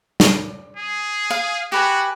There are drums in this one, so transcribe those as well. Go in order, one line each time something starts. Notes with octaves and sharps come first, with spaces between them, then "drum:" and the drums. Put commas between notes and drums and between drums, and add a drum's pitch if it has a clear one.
drum: snare
G#4
F5
F#4 G4 B4 G#5